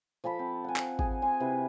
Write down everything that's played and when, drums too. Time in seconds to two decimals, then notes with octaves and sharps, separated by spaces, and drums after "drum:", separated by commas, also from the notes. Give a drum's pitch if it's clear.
0.24 F3 A4 A5 B5
0.39 C4
0.64 F#5 G#5
0.76 drum: clap
0.99 G#4, drum: kick A1
1.22 G#5 C6
1.40 C3 E4 B4